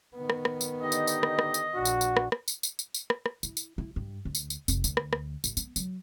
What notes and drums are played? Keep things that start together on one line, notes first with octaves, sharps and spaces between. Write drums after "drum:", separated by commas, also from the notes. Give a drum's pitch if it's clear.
D#3 B3
drum: rim click
drum: rim click
drum: tambourine
D3 D#4 G4 D#5
drum: tambourine
drum: tambourine
drum: rim click
drum: rim click
drum: tambourine
A#1 D4 F#4
drum: tambourine
drum: tambourine
drum: rim click
drum: rim click
drum: tambourine
drum: tambourine
drum: tambourine
drum: tambourine
drum: rim click
drum: rim click
E4, drum: tambourine
drum: tambourine
E4
G2
D2
drum: tambourine
drum: tambourine
F1, drum: tambourine
D2, drum: tambourine
drum: rim click
drum: rim click
A1, drum: tambourine
B3, drum: tambourine
F#3, drum: tambourine